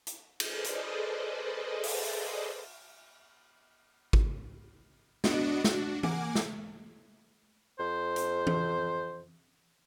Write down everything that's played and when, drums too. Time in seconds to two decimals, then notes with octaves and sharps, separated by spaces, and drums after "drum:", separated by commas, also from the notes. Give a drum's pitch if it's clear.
0.07 drum: hi-hat
0.40 G#4 A4 B4 C5 D5 D#5, drum: cymbal
0.64 drum: hi-hat
1.84 drum: open hi-hat
4.13 drum: kick G#1
5.24 B3 D4 F#4 D#5 C#7 D7, drum: snare
5.64 D4 F#4, drum: snare
6.03 A#3 F#5 G#5 D6, drum: tom E3
6.35 drum: snare
7.79 F2 C5
8.16 drum: hi-hat
8.47 drum: tom E3